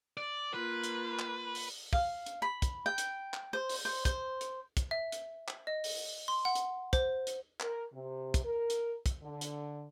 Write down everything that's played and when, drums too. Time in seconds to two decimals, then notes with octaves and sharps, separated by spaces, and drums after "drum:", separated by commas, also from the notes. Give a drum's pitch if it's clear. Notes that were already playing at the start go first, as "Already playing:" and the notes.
0.17 D5
0.54 A#3 F4 B4
0.84 drum: hi-hat
1.19 drum: clap
1.55 drum: open hi-hat
1.93 F5, drum: kick
2.26 drum: hi-hat
2.42 B5
2.62 drum: kick, hi-hat
2.86 G5
2.98 drum: hi-hat
3.34 drum: clap
3.53 C5
3.69 drum: open hi-hat
3.85 C5
4.05 C5, drum: kick, hi-hat
4.41 drum: hi-hat
4.77 drum: kick, hi-hat
4.91 E5
5.12 drum: hi-hat
5.48 drum: clap
5.67 D#5
5.84 drum: open hi-hat
6.28 C6
6.45 F#5
6.55 drum: hi-hat
6.93 C5, drum: kick, hi-hat
7.27 drum: hi-hat
7.60 A#4, drum: clap
7.93 C3
8.34 drum: kick, hi-hat
8.44 A#4
8.70 drum: hi-hat
9.06 drum: kick, hi-hat
9.23 D3
9.41 drum: hi-hat